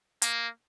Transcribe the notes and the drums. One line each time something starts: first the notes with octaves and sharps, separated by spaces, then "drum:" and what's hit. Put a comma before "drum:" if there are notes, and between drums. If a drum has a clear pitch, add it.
A#3, drum: hi-hat